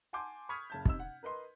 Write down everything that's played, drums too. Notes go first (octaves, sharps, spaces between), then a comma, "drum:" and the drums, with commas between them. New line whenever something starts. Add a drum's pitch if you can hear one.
F#5 G#5 A5 C6 D6 G6
B5 C#6 D#6 F6 G#6 B6
F#1 A5 G6
C3 D#4 E6, drum: kick
F#5
A#4 B4 D#5 C6